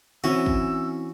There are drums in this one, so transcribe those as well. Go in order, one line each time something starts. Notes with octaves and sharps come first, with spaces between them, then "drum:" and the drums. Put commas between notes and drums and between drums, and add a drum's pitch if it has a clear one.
E3 C4 C#4 E4 F#4 E6
drum: kick